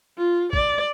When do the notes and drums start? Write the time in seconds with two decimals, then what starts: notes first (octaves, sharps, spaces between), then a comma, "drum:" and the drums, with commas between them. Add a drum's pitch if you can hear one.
0.18 F4
0.53 D5, drum: kick A1